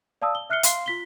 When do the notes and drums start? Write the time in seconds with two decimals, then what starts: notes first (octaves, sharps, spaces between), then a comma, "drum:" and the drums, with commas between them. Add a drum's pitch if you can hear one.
0.22 D5 F5 A5 D#6 E6
0.35 G7
0.50 E5 F6 F#6 C7 C#7 G7
0.63 F5 C6 C7, drum: hi-hat
0.86 F4 B6 G7